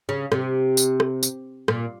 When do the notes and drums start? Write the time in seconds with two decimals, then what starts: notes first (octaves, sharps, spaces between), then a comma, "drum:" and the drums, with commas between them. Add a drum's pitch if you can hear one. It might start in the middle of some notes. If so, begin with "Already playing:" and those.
0.09 C#3
0.32 C3, drum: rim click
0.77 drum: tambourine
1.00 drum: rim click
1.23 drum: tambourine
1.68 A#2, drum: rim click